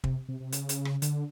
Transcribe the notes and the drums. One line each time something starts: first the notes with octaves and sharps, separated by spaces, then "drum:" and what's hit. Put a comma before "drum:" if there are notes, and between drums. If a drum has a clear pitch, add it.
C3, drum: kick
C3
C3
C#3, drum: hi-hat
drum: hi-hat
drum: rim click
D3, drum: hi-hat